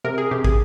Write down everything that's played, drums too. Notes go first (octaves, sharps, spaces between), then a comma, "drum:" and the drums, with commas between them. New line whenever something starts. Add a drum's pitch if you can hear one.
C3 A#4
G#4
C3 G4
G#4, drum: kick